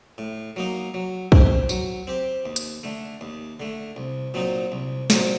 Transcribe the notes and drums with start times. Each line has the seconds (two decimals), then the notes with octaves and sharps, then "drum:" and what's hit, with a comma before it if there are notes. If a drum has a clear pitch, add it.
0.18 A2
0.56 F#3 A#3 D#4
0.94 F#3
1.32 C4 G4, drum: kick
1.69 F#3, drum: tambourine
2.07 C4 G4
2.46 D#2
2.56 drum: hi-hat
2.83 D3 A3
3.21 D#2
3.60 D3 A3
3.96 C2
4.34 A#2 F#3 C4 D#4
4.72 C2
5.10 A#2 F#3 C4 D#4, drum: snare